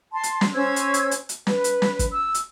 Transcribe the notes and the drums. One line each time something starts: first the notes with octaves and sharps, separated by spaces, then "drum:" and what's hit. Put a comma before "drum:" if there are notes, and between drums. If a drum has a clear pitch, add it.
A5 C6
drum: hi-hat
drum: snare
C#4 C5 E6 G#6
drum: hi-hat
drum: hi-hat
drum: hi-hat
drum: hi-hat
B4, drum: snare
drum: hi-hat
drum: snare
drum: kick, hi-hat
E6
drum: hi-hat